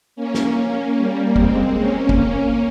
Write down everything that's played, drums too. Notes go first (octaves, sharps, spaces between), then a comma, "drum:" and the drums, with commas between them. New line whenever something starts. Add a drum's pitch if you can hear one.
A#3 C#4
drum: snare
G3 A#3
G#3 C4, drum: kick
A#3 C#4
drum: kick